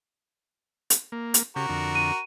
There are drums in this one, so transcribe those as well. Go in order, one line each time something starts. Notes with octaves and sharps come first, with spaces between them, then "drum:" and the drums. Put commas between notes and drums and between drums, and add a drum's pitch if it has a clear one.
drum: hi-hat
A#3
drum: hi-hat
C#3 F#4 G4 A#4
F2 D3
D#7